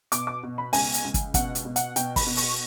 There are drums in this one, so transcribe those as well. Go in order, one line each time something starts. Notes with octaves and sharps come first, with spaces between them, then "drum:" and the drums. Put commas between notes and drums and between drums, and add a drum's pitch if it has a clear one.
B2 D6, drum: hi-hat
D6
B2
B5
C#2 G#5, drum: open hi-hat
drum: hi-hat
C#2
drum: kick, hi-hat
B2 F#5, drum: kick, hi-hat
drum: hi-hat
B2
F#5, drum: hi-hat
B2 G5, drum: hi-hat
B5, drum: kick, open hi-hat
B2
C#6, drum: open hi-hat